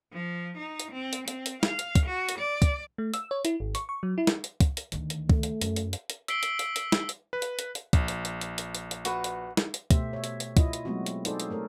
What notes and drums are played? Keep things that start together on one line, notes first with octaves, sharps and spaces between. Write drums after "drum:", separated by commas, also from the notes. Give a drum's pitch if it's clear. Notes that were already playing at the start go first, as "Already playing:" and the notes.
F3
D#4
drum: hi-hat
C4
drum: hi-hat
C4, drum: hi-hat
drum: hi-hat
F5, drum: snare
drum: hi-hat
drum: kick, hi-hat
F#4
drum: hi-hat
D5
drum: kick, hi-hat
A3
E6, drum: hi-hat
C#5
E4, drum: hi-hat
G#1
C#6, drum: hi-hat
C#6
F#3
E4
drum: snare
drum: hi-hat
drum: kick, hi-hat
drum: hi-hat
D2 D#3, drum: hi-hat
drum: hi-hat
A3, drum: kick
drum: hi-hat
F#2, drum: hi-hat
drum: hi-hat
drum: hi-hat
drum: hi-hat
E6 B6 C7 D7 G7, drum: hi-hat
drum: hi-hat
drum: hi-hat
drum: hi-hat
drum: snare
drum: hi-hat
B4
drum: hi-hat
drum: hi-hat
drum: hi-hat
A#1, drum: kick, hi-hat
drum: hi-hat
drum: hi-hat
drum: hi-hat
drum: hi-hat
drum: hi-hat
drum: hi-hat
F#4 B4, drum: hi-hat
drum: hi-hat
drum: snare
drum: hi-hat
B2 A3 G4 C5 E5, drum: kick, hi-hat
C#5 E5
drum: hi-hat
drum: hi-hat
E4 F4 D#5, drum: kick, hi-hat
drum: hi-hat
F#3 G#3 A3 B3 C4 F#4
drum: hi-hat
D#4 F#4 G#4 A4 C5 D5, drum: hi-hat
drum: hi-hat
A3 A4 A#4 C#5